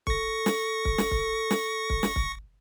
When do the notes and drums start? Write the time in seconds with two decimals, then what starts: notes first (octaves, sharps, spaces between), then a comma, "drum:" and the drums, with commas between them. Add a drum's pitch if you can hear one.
0.07 A4 C#6 A#6, drum: kick
0.46 drum: snare
0.85 drum: kick
0.98 drum: snare
1.11 drum: kick
1.51 drum: snare
1.90 drum: kick
2.03 drum: snare
2.16 drum: kick